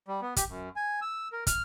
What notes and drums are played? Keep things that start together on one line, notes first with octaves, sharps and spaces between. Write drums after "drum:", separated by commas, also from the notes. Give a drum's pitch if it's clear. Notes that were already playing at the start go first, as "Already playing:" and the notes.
G3
B3
G4, drum: kick, hi-hat
F#2
G#5
E6
A#4
F6, drum: kick, hi-hat